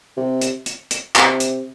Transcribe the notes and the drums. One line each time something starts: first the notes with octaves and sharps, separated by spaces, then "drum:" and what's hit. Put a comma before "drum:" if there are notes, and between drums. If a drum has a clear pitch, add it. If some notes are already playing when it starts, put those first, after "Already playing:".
C3
drum: hi-hat
drum: hi-hat
drum: hi-hat
C3, drum: clap
drum: hi-hat